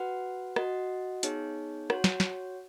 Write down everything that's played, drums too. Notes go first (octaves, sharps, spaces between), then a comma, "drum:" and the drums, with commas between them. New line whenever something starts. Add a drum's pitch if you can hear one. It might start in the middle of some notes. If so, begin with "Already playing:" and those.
Already playing: F#4 B4 F#5
F#4 D#5 F#5, drum: rim click
B3 D#4 G#4 C#5, drum: hi-hat
F#4 C#5 F#5, drum: rim click
drum: snare
drum: snare